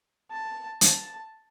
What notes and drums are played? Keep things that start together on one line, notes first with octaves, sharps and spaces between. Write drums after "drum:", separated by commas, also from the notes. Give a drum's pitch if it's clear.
A5
A5, drum: hi-hat